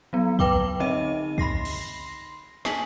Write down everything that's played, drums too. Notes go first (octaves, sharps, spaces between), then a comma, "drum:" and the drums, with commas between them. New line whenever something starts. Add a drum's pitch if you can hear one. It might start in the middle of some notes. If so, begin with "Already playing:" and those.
F#3 B3
B4 G5 D6 G7, drum: kick
D3 C4 D#4 D#5 E5 D#7
B5 C6 A#6 C7, drum: kick
drum: cymbal
A#3 G#5 B6 F#7, drum: snare